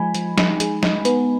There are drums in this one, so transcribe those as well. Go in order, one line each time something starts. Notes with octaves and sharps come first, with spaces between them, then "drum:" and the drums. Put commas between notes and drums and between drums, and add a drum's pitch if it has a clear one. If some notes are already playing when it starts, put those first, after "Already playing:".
Already playing: F3 G#3 D#4 G#5 B5
F3, drum: hi-hat
D#4, drum: snare
G#3, drum: hi-hat
D#4, drum: snare
B3, drum: hi-hat